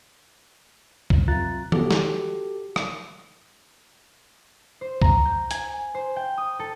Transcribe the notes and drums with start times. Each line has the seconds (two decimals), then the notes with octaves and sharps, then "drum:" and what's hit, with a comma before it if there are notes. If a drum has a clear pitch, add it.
1.10 drum: kick C2
1.28 F#2 C3 F4 A#5 F#6 A6
1.72 F#4 G4 A4 D6, drum: tom D#3
1.91 drum: snare
2.76 drum: rim click
4.81 C5
5.02 A#5, drum: kick C2
5.25 G6
5.51 G#5, drum: hi-hat
5.95 C5
6.16 G5
6.38 D#6
6.59 A4